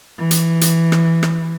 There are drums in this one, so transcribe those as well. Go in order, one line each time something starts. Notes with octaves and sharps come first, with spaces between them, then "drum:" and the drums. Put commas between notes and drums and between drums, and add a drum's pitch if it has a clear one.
E3
drum: hi-hat
drum: hi-hat
drum: rim click
drum: rim click